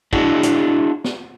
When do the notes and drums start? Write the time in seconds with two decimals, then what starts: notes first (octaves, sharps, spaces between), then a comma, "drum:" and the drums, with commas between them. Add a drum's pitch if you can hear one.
0.13 D4 E4 F#4 G#4, drum: kick
0.43 drum: hi-hat
1.04 drum: snare